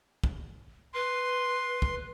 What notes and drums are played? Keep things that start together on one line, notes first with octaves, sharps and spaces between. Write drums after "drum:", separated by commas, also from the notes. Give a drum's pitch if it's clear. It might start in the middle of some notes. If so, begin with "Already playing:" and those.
drum: kick
B4 C6
drum: kick